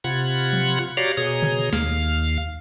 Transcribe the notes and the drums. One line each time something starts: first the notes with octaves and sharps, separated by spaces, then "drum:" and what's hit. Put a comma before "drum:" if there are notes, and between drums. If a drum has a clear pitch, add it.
C3 F4 F#5 B5 F#6 G#6, drum: hi-hat
drum: tom F3
F#4 G4 C#5 D5 F5 A#5
B2 G#4 C#5 A#5 D#6
drum: tom C#3
D#2 F5 F6, drum: snare